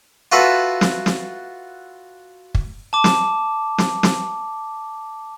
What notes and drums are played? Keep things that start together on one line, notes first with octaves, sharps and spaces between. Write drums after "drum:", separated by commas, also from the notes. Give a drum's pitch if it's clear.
F4 F#4 A4 B4 E5
drum: snare
drum: snare
drum: kick
A5 D6
drum: snare
drum: snare
drum: snare